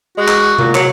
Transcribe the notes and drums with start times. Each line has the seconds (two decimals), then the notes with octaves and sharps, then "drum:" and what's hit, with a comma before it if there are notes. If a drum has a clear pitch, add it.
0.18 G#3 F#4
0.28 drum: clap
0.58 A#2, drum: tom C3
0.75 F#3, drum: clap